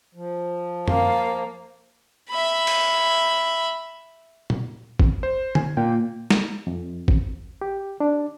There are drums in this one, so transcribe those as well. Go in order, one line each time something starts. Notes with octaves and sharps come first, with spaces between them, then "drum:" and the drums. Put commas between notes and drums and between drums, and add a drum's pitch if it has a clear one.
F3
A#3 F5, drum: tom F#2
E5 B5
drum: cymbal
drum: tom A#2
drum: kick G#1
C5
G#5, drum: tom D3
A#2 G5
drum: snare
F2
drum: kick G#1
G4
D4